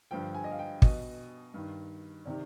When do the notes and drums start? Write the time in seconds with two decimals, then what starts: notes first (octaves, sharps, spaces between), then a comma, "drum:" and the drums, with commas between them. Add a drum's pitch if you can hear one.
0.11 G2 D3 F3 G5
0.34 G#5
0.44 D#5
0.51 F5
0.59 G5
0.82 B2 D#5, drum: kick
1.54 G2 D#3
2.25 C3 D#3 D5